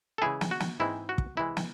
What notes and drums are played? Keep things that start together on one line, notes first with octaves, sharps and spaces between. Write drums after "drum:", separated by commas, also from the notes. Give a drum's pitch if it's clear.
A4
C#3 E3 G#3 E4 G#4
drum: snare
F#4
drum: snare
G#2 E3 G#3 C4 E4
F#4
drum: kick
C3 E3 G#3 E4
drum: snare